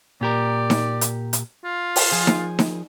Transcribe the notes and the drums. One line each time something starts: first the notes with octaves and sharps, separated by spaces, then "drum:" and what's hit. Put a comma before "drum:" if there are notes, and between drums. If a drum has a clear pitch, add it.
A#2 G4 A#4 D5
drum: snare D#4
drum: hi-hat
drum: hi-hat
F4
drum: open hi-hat
F3 G#4
drum: snare D#4
drum: snare D#4